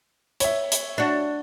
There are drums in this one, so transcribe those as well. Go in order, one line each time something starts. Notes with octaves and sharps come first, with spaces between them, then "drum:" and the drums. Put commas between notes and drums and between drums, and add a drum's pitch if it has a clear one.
C#5 E5, drum: hi-hat
drum: hi-hat
D4 F#4